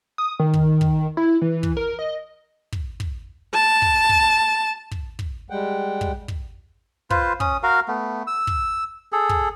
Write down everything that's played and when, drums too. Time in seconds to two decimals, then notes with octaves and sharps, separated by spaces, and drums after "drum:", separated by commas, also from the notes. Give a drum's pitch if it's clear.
0.18 D#6
0.39 D#3
0.54 drum: kick
0.81 drum: kick
1.17 E4
1.41 E3
1.63 drum: kick
1.77 A#4
1.99 D#5
2.72 drum: kick
3.00 drum: kick
3.54 A5
3.82 drum: kick
4.09 drum: kick
4.91 drum: kick
5.19 drum: kick
5.50 G3 G#3 F#5 G5
6.01 drum: kick
6.28 drum: kick
7.10 F4 B4 C5, drum: kick
7.40 C#4 D#6, drum: kick
7.63 F#4 A#4 F5
7.88 A3 B3
8.27 E6
8.47 drum: kick
9.12 G#4 A4
9.29 drum: kick